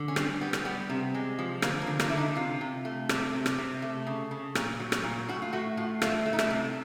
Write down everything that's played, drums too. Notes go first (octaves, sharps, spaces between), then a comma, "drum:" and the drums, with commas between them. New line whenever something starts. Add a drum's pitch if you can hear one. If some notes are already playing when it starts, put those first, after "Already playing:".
Already playing: D3
C#4
G3 C4, drum: rim click
G3 B3
drum: rim click
G3 B3
C3
G#3
F3
D3 A#3, drum: rim click
A#3
D3
A#3, drum: rim click
D3 E4
D#4
C3 F4
C3
A3
C3, drum: rim click
C3
drum: rim click
C3
A3
C#3
C#3
A#2, drum: rim click
F#3
drum: rim click
A#2
A2 F#4
F4
A3 F#4
A2 F4
A3 F4, drum: rim click
A3
D#4
E4, drum: rim click
C3